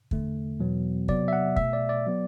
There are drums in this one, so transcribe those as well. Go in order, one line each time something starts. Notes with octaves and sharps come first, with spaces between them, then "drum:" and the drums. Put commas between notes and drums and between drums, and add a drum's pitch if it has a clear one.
E2 D3 A3, drum: kick
E2 B2 F#3 B3
C3 F#3 B3 D5, drum: kick
E5
F#5
B2 A3 E5, drum: kick
D5
D5
F#3 B3